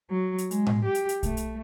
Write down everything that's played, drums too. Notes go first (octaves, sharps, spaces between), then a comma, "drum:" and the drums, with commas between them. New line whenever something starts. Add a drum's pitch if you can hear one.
F#3
drum: hi-hat
G#3, drum: hi-hat
drum: tom A2
G4
drum: hi-hat
drum: hi-hat
A3, drum: kick, hi-hat
drum: hi-hat